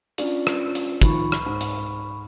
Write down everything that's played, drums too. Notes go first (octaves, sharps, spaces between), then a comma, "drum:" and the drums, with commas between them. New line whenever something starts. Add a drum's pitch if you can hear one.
C#4 D4 F4, drum: hi-hat
drum: rim click
drum: hi-hat
D#3 F3 B5 C#6, drum: kick, hi-hat
drum: rim click
G#2
drum: hi-hat